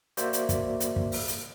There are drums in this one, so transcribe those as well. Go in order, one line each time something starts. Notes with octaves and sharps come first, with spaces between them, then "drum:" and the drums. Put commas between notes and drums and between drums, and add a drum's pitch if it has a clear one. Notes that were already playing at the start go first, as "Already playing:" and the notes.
A#3 F#4 C5 D5 E5, drum: hi-hat
drum: hi-hat
drum: kick, hi-hat
drum: hi-hat
drum: kick
drum: open hi-hat
drum: hi-hat